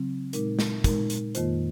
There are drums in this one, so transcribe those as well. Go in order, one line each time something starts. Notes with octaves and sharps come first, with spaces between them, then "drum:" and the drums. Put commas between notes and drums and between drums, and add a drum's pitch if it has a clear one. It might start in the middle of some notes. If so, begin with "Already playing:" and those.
Already playing: C#3 F#3 C4
A#2 G#3 D#4 A#4, drum: hi-hat
drum: snare
A#2 G#3 D#4 A#4, drum: kick, hi-hat
drum: hi-hat
F2 D#3 A#3 F4 C5, drum: hi-hat